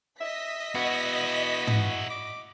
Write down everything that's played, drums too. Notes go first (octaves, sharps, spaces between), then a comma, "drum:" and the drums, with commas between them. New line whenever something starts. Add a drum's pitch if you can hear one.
D#5 E5 B6
B3 E4 F#4
drum: tom
D6